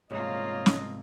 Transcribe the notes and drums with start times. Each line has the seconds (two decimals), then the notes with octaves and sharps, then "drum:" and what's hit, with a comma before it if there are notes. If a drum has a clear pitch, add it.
0.11 C2 G#2 A#3 F4 C#5 D#5
0.66 drum: snare